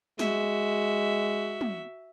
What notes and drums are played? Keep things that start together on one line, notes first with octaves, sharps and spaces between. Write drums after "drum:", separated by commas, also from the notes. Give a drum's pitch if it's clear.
G#3 F#4 E5, drum: snare
drum: tom